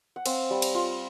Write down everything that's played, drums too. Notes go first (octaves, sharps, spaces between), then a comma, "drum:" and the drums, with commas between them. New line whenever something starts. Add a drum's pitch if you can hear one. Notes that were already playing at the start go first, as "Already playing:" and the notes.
F#5
C4 F5, drum: cymbal
G3
drum: cymbal
F4